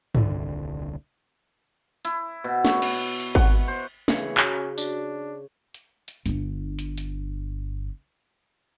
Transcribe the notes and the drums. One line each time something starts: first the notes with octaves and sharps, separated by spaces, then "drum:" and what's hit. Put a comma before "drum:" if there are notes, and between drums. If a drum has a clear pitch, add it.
D#1 C2 D3, drum: tom G2
E4, drum: hi-hat
B2
C#5, drum: snare
drum: cymbal
drum: hi-hat
F#5, drum: kick G#1
C5
C#3 E3 C#5, drum: snare
C#4 F#4, drum: clap
D4, drum: tambourine
drum: hi-hat
drum: hi-hat
G1 D4, drum: hi-hat
drum: hi-hat
drum: hi-hat